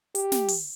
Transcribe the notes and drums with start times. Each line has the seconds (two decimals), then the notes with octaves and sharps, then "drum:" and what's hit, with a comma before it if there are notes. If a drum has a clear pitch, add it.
0.15 G4, drum: hi-hat
0.32 drum: snare
0.49 drum: open hi-hat